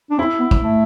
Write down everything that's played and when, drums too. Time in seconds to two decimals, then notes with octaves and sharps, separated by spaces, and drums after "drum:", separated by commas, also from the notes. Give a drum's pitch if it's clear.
0.10 D4
0.18 C4 E4
0.39 B3
0.51 drum: kick
0.60 A3